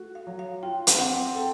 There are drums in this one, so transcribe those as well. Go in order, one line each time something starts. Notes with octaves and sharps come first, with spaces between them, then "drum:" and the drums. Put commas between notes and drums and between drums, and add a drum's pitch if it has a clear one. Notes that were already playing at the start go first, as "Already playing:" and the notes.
Already playing: A3 F#4
F5
F#3
F5
F4 G5
drum: hi-hat
C4 F#5
A4 G5